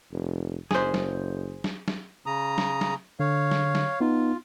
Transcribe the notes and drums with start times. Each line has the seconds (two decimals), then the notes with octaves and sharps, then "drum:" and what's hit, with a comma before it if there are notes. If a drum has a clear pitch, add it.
0.12 F1
0.71 F#1 G#4 C5, drum: snare
0.94 drum: snare
1.64 drum: snare
1.88 drum: snare
2.26 C#3 A#5 D#6
2.58 drum: snare
2.81 drum: snare
3.20 D3 C#5 F5
3.51 drum: snare
3.75 drum: snare
4.01 B3 D#4 F4